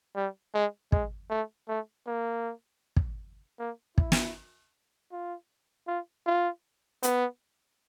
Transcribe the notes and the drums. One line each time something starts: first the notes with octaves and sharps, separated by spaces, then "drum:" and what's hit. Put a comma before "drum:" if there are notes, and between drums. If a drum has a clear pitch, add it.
G3
G#3
G#3, drum: kick
A3
A3
A#3
drum: kick
A#3
E4, drum: kick
drum: snare
F4
F4
F4
B3, drum: hi-hat